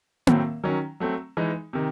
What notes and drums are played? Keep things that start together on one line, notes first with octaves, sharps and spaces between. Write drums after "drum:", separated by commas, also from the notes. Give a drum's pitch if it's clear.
A2 F#3 C4, drum: tom A#3
D#3 F#3 C#4
F#3 A3 C4
E3 G#3 D#4
C3 D#3